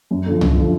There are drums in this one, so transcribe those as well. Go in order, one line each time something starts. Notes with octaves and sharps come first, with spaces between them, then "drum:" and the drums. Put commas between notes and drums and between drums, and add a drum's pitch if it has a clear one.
F#2
D3 F3
F#2, drum: tom C2
D3 F3